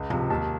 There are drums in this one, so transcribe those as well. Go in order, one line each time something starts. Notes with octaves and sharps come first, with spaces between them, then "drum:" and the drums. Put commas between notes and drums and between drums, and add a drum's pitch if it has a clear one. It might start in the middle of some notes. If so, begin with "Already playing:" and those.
Already playing: C#2
C3 F3, drum: tom G#2
D#2 A5